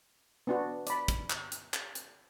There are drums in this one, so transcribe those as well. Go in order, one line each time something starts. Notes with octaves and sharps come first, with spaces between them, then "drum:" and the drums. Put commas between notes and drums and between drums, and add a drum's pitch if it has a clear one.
B3 D4 F#4
D5 B5, drum: hi-hat
drum: kick, hi-hat
drum: clap
drum: hi-hat
drum: clap
drum: hi-hat